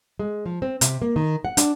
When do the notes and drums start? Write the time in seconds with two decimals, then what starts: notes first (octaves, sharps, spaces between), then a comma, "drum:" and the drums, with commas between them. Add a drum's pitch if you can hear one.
0.19 G#3
0.46 F3
0.62 C4
0.81 C3, drum: hi-hat
1.02 A#3
1.16 D#3
1.45 F#5
1.57 D4, drum: hi-hat